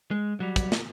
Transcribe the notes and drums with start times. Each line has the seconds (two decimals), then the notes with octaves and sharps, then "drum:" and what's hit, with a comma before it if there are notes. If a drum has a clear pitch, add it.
0.11 G#3
0.40 F#3 G3
0.56 drum: kick, hi-hat
0.72 drum: snare